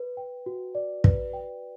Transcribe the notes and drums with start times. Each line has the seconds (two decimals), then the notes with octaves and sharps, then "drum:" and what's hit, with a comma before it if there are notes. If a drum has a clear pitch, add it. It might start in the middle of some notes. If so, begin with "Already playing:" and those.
Already playing: B4
0.17 G5
0.46 F#4
0.75 D5
1.04 B4, drum: kick
1.33 G5